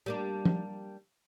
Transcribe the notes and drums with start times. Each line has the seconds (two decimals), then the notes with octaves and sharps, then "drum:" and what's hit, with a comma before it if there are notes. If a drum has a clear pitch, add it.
0.06 G3 A#3 D4
0.45 drum: tom